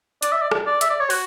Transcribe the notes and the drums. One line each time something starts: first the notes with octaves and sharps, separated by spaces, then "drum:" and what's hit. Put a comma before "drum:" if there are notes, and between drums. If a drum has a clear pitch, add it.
D5, drum: hi-hat
E5
D5
drum: rim click
D5
E5, drum: hi-hat
D5
C#5
F#4, drum: open hi-hat